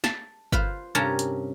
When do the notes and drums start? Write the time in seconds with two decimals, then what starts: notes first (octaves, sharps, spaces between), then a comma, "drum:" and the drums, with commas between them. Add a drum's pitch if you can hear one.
0.04 A5, drum: snare
0.52 F4 B4 C5 F5, drum: kick G1
0.95 G2 C3 C#4 A#4 G#5 A5
1.19 drum: hi-hat